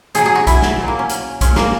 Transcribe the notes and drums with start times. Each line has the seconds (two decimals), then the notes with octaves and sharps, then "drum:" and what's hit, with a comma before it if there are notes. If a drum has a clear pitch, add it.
0.15 B2 F#3 G#4, drum: hi-hat
0.26 G#4
0.35 F#4
0.47 E4, drum: kick, hi-hat
0.62 drum: snare
0.79 A#2 F#3
0.88 A#3
0.99 C#4
1.09 drum: hi-hat
1.41 A#2 G#3 C#4, drum: kick, hi-hat
1.56 A#3, drum: snare